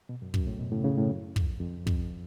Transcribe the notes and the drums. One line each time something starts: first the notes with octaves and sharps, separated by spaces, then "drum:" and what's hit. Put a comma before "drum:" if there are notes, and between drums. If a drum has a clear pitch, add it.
B2
F#2
F#2, drum: kick
A2
B2
A2 C#3
A2 C#3
A2
F#2
F2, drum: kick
F2
F2, drum: kick